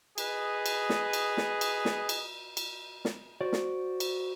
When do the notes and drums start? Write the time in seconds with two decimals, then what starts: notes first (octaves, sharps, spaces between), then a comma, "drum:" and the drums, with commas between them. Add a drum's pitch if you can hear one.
0.18 G#4 B4 D#5, drum: cymbal
0.66 drum: cymbal
0.90 drum: snare
1.13 drum: cymbal
1.37 drum: snare
1.61 drum: cymbal
1.85 drum: snare
2.09 drum: cymbal
2.57 drum: cymbal
3.05 drum: snare
3.41 F#4 C5 D5
3.53 drum: snare
4.00 drum: cymbal